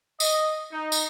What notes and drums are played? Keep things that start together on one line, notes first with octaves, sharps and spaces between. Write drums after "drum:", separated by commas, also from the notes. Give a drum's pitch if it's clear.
D#5, drum: tambourine
D#4
drum: tambourine